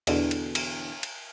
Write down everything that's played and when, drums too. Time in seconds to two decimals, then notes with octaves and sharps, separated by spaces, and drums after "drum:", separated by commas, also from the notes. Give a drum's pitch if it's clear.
0.07 E2 B2 D3, drum: cymbal
0.31 drum: cymbal
0.55 drum: cymbal
1.03 drum: cymbal